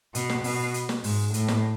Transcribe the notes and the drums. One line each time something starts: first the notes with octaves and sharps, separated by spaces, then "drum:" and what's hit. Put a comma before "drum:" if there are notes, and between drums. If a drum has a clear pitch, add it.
B2, drum: hi-hat
drum: snare
B2, drum: open hi-hat
drum: hi-hat
drum: snare
G#2, drum: open hi-hat
A2, drum: hi-hat
drum: snare